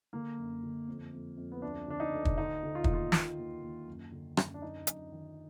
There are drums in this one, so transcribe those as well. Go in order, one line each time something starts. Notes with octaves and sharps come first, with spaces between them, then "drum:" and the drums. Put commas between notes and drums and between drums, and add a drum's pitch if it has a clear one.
D3 A#3
F#2
D3
F2
F2
F2
B3
D2 D4
D3 D4
D#4
D2
drum: kick
D3 D#4
D3
F4
D#2 D#4, drum: kick
F4
D#3, drum: snare
D#2
D#2
F#2
D3
F#2, drum: rim click
D4
F#2 D#4
F#2, drum: hi-hat
D#3